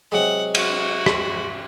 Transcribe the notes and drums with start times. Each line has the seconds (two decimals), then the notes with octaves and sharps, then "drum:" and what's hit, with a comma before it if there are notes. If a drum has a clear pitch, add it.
0.12 C3 F#3 G#3 F#5
0.55 F#4, drum: cymbal
1.06 drum: rim click